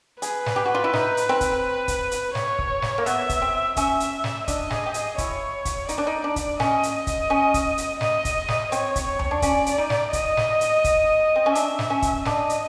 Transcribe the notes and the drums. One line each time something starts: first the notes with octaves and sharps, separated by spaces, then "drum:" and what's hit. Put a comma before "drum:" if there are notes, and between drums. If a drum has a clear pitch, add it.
G#4 B4, drum: hi-hat
drum: snare
G4
F#4
F4
E4
D#4, drum: snare
drum: hi-hat
C4
drum: kick, hi-hat
drum: kick, hi-hat
drum: hi-hat
C#5, drum: snare
drum: kick
drum: snare
A#3
B3 E5, drum: hi-hat
drum: kick, hi-hat
C4
C#4 E5, drum: kick, hi-hat
drum: hi-hat
drum: snare
D4 D#5, drum: kick, hi-hat
G#4, drum: snare
G4
G#4, drum: hi-hat
E4 C#5, drum: kick, hi-hat
drum: kick, hi-hat
D#4 D5, drum: hi-hat
D4
D#4
D4
drum: kick, hi-hat
C#4 D#5, drum: snare
drum: hi-hat
D#5
drum: kick, hi-hat
C#4
drum: kick, hi-hat
drum: hi-hat
D#5, drum: snare
drum: kick, hi-hat
drum: snare
C4 C#5, drum: hi-hat
drum: kick, hi-hat
C#5
drum: tom D#2
D4
C#4 D5, drum: kick, hi-hat
drum: hi-hat
D#4
drum: snare
D#5, drum: kick, hi-hat
drum: snare
drum: hi-hat
drum: kick, hi-hat
C4
C#4
D4 E5, drum: hi-hat
drum: snare
C#4
drum: kick, hi-hat
D4 D#5, drum: snare
drum: hi-hat